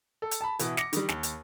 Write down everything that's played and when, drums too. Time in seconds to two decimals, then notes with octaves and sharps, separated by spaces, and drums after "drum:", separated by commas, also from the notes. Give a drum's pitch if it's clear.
0.22 A4
0.31 drum: hi-hat
0.41 A5 B5
0.59 B2 E3, drum: hi-hat
0.77 D6 A#6 C#7, drum: snare
0.93 D#3 G3, drum: hi-hat
1.09 D#2, drum: snare
1.23 drum: hi-hat